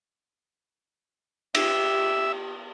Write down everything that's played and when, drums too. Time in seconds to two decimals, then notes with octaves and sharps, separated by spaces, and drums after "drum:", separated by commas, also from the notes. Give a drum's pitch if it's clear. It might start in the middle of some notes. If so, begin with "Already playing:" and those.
1.55 G4 E5, drum: cymbal